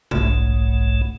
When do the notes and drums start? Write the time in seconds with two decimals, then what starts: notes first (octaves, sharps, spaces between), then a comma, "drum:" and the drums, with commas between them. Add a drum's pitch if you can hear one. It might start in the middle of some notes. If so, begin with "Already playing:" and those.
0.11 F#1 B1 G#2 A3, drum: tom